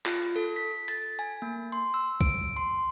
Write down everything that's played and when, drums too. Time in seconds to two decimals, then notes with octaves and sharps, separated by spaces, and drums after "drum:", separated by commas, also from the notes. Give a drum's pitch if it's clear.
0.06 F4, drum: clap
0.36 A4
0.56 B6
0.88 A6, drum: hi-hat
1.19 G#5
1.42 A#3
1.72 C6
1.94 E6
2.21 D7, drum: kick
2.56 C6